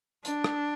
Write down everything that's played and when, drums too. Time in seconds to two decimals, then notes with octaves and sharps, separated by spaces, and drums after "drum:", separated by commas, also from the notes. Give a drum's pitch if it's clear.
0.25 D4, drum: hi-hat
0.44 drum: rim click